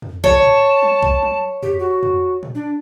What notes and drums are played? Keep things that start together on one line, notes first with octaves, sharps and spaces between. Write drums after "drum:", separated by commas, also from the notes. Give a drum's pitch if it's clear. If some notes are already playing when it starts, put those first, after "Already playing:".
drum: tom F2
C#5 A5, drum: kick B1
drum: tom A2
drum: tom F#3
drum: kick B1
drum: tom F#3
G4, drum: tom F2
F#4
drum: tom F2
drum: tom A#2
D4